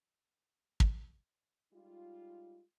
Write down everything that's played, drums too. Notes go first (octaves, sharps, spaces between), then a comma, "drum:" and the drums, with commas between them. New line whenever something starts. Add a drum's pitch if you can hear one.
drum: kick
G3 G#3 D#4 F4